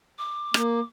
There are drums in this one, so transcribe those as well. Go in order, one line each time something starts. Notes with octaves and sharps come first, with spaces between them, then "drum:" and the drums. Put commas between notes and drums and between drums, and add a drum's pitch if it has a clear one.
D6
A#3, drum: rim click